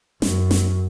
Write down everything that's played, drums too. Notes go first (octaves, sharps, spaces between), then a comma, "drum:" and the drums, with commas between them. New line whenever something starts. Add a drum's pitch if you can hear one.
F#2, drum: snare
drum: snare